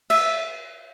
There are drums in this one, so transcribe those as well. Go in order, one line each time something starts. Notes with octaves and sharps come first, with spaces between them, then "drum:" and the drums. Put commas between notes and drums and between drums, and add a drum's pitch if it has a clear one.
E5, drum: cymbal